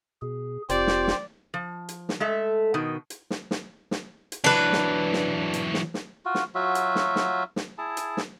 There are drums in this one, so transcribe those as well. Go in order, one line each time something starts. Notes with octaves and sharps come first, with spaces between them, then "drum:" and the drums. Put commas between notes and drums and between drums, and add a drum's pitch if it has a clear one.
B2 G#4
F1 C4 F4 G4 C5 D5 G5, drum: hi-hat
drum: snare
drum: snare
F3
drum: hi-hat
drum: snare
G#3 A3 A4 E5
B2 D#3
drum: hi-hat
drum: snare
drum: snare
drum: snare
drum: hi-hat
E3 F#3 D4 B4
drum: snare
drum: snare
drum: hi-hat
drum: snare
drum: snare
F4 F#4
drum: snare
F#3 F4 F#4 E5
drum: hi-hat
drum: snare
drum: snare
drum: snare
E4 G#4 A5
drum: hi-hat
drum: snare